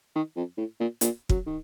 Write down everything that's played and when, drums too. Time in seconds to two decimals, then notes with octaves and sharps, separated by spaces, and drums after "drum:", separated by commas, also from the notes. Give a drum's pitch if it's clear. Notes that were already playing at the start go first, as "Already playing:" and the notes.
0.15 D#3
0.36 F2
0.58 A2
0.80 A#2
1.01 A#2, drum: hi-hat
1.29 F#3, drum: kick
1.46 D#3